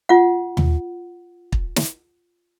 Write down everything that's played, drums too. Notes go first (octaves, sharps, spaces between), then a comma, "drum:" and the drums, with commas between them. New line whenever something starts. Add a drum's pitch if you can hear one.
F4 F#5
drum: tom D#2
drum: kick
drum: snare